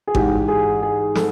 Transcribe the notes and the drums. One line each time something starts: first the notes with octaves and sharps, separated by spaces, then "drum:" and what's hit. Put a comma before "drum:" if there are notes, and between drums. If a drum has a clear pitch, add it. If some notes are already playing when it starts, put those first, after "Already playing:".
G#4
G#2 E3 G4, drum: kick G#1
G#4
G#4
A4, drum: snare